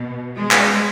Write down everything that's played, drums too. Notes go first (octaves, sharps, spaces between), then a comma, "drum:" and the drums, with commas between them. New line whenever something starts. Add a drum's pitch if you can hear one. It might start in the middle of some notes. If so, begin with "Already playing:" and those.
Already playing: B2
G#3
drum: clap